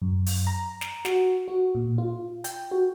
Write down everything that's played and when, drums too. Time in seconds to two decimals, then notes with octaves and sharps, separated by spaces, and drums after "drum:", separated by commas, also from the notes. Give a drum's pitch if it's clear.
0.02 F#2
0.26 drum: open hi-hat
0.47 A#5
0.81 drum: snare
1.05 F#4, drum: snare
1.48 F#4
1.75 A#2
1.98 F4
2.44 G5, drum: hi-hat
2.71 F#4